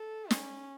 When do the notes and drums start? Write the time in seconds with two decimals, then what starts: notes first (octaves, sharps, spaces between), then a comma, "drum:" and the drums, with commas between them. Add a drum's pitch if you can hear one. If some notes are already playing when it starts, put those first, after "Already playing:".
Already playing: A4
0.31 C#4, drum: snare